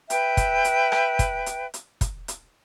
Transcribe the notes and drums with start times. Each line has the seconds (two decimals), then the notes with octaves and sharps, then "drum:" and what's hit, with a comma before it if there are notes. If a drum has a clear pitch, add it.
0.10 B4 E5 G5, drum: hi-hat
0.37 drum: kick, hi-hat
0.64 drum: hi-hat
0.92 drum: rim click
1.19 drum: kick, hi-hat
1.46 drum: hi-hat
1.74 drum: hi-hat
2.01 drum: kick, hi-hat
2.28 drum: hi-hat